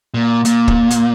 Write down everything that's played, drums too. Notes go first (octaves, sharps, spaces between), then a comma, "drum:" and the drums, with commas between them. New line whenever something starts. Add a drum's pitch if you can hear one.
A#2
A#2, drum: hi-hat
drum: kick
drum: hi-hat